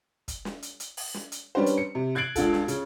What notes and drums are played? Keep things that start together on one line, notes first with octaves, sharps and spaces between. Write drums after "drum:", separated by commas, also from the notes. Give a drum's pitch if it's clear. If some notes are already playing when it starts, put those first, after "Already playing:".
drum: kick, hi-hat
drum: snare
drum: hi-hat
drum: hi-hat
drum: open hi-hat
drum: snare
drum: hi-hat
G3 C#4 D4 G4 B4 C5
drum: hi-hat
C#7
C3
F#6 G#6 A6 C7 D7 F#7
C#2 D4 F4 A4, drum: kick, hi-hat
drum: snare
C#3, drum: hi-hat